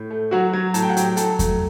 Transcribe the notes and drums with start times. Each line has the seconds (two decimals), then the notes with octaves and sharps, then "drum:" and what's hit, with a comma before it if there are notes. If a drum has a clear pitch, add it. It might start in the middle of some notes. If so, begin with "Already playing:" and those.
Already playing: A2
0.10 A3
0.31 F#3 F#4 F#5
0.53 F#3
0.74 A2 A5, drum: hi-hat
0.83 G5
0.90 F#5
0.97 F#3 G4 G5, drum: hi-hat
1.08 G5
1.17 F#3 A4 A5, drum: hi-hat
1.39 A3, drum: kick E2, hi-hat